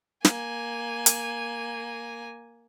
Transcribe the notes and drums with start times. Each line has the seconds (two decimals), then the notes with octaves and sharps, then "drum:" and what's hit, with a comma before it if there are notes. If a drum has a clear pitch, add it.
0.25 A#3 G#5, drum: snare
1.06 drum: hi-hat